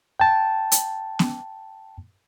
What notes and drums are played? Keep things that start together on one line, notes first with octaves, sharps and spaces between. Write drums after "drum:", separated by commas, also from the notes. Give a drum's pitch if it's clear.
G5 A5
drum: hi-hat
drum: snare B3